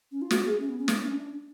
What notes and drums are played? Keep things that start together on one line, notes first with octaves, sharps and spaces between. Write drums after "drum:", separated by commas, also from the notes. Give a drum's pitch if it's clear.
C#4
F4
F#4, drum: snare
G#4
C#4
B3
C#4
D4, drum: snare
D4
C#4
D4